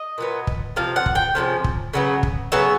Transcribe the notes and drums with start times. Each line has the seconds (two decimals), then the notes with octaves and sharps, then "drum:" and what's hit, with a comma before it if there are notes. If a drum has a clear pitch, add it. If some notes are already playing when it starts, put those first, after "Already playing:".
Already playing: D#5
0.18 A#2 F#3 B3
0.47 drum: kick
0.76 C3 F3 F5
0.96 F#5
1.06 drum: kick
1.15 G5
1.35 C3 F3 G#3 C#4
1.64 drum: kick
1.93 C#3 F#3 B3
2.23 drum: kick
2.52 C#3 F#3 B3 E5